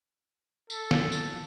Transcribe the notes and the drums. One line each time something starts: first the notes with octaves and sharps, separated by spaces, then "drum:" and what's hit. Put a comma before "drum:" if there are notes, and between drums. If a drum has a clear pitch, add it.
A4, drum: tambourine
drum: snare
drum: tambourine